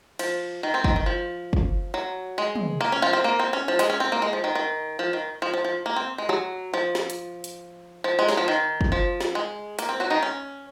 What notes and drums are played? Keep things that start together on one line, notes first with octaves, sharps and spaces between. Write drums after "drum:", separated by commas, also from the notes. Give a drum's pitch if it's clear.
F3, drum: cymbal
D#3
C4
D#3, drum: kick
D#3
F3
drum: kick
F#3
G#3
drum: tom
A#3
C#4
F3 F4
C4
A#3
C4
C#4
F3
G#3, drum: hi-hat
C#4
C4
A#3
G#3
F3
D#3
D#3
F3
D#3
F3
F3
F3
A#3
C4
G#3
F#3, drum: rim click
F3
drum: snare
drum: hi-hat
drum: hi-hat
F3
G#3
F#3, drum: snare
F3
D#3
drum: kick
F3
drum: snare
G#3
A#3, drum: hi-hat
C4
F#3 F#4
D#3 D#4
C#4